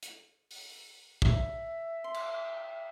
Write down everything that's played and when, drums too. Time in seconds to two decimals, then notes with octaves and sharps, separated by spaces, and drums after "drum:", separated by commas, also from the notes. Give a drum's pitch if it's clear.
0.03 drum: hi-hat
0.51 drum: open hi-hat
1.22 E5, drum: kick
2.04 C6
2.14 drum: cymbal